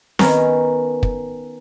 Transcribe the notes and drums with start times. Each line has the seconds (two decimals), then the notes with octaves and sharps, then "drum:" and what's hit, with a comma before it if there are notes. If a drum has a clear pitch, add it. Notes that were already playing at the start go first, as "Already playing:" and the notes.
0.19 D#3 B3 C#4 A#4 G#5, drum: snare C4
1.03 drum: kick